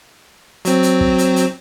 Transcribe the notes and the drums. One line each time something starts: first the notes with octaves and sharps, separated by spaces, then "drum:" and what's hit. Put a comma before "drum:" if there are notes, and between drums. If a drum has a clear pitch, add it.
F#3 C4, drum: hi-hat
drum: hi-hat
drum: kick
drum: hi-hat
drum: hi-hat